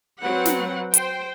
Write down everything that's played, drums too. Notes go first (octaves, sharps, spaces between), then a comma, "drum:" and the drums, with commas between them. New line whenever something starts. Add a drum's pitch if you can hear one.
F#3 C4 B4 F#5
drum: snare
C5 G5, drum: hi-hat